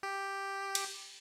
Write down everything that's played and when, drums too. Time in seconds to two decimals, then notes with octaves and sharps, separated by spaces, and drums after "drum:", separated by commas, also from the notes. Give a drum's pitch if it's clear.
0.03 G4
0.75 drum: cymbal